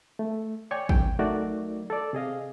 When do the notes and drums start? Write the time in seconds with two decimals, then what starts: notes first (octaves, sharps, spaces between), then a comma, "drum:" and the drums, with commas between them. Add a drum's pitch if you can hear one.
0.19 A3
0.71 C#5 D5 G5 G#5 C#6
0.89 C2 G5, drum: kick A1
1.19 F#3 A3 D#4 F#4 A#4 D5
1.90 A4 D5
2.13 C3 G#4 D#5 F5